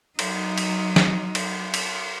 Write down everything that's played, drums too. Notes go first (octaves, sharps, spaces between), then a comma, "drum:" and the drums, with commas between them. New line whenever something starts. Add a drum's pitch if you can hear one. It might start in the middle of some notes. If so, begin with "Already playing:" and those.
F#3 D#4, drum: cymbal
drum: cymbal
drum: snare
drum: cymbal
drum: cymbal